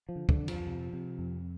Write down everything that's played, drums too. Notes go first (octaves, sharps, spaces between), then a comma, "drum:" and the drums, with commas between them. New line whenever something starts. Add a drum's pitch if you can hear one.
F3
D3
D3, drum: kick
F2
F3, drum: cymbal
C3
C3
F2